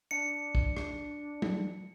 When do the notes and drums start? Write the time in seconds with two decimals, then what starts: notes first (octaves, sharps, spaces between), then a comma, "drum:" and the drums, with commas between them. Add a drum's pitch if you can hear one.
0.11 D4 C#7
0.55 drum: kick
0.77 drum: rim click
1.42 drum: tom F#3